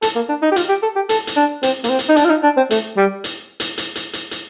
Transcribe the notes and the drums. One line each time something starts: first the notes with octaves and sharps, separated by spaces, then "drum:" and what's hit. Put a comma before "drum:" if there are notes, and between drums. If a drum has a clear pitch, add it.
A4, drum: hi-hat
A#3
D4
D#4
G4
F4, drum: hi-hat
G4
A4
G4
A4, drum: hi-hat
drum: hi-hat
D4
C4, drum: hi-hat
A#3, drum: hi-hat
C4
drum: hi-hat
D#4
D4, drum: hi-hat
F4
D#4
D4
C4
A3, drum: hi-hat
G3
drum: hi-hat
drum: hi-hat
drum: hi-hat
drum: hi-hat
drum: hi-hat
drum: hi-hat